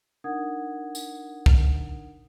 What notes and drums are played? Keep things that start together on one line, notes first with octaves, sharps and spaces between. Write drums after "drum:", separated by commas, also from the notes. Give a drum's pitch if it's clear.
D4 D#4 A#4 F#5 D#6 G#6
drum: tambourine
drum: kick